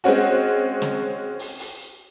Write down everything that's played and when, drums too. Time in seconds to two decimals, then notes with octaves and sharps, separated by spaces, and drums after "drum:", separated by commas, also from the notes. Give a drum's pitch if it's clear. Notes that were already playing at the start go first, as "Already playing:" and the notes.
0.04 G#3 C4 C#4 F#4
0.82 drum: snare
1.39 drum: open hi-hat
1.59 drum: open hi-hat